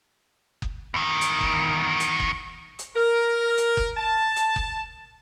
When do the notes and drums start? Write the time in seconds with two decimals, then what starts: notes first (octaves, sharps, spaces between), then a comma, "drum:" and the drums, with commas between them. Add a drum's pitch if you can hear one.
0.62 drum: kick F#1
0.94 E2 D#3
1.21 drum: hi-hat
1.41 drum: kick F#1
2.00 drum: hi-hat
2.20 drum: kick F#1
2.79 drum: hi-hat
2.95 A#4
3.57 drum: hi-hat
3.77 drum: kick F#1
3.97 A5
4.36 drum: hi-hat
4.56 drum: kick F#1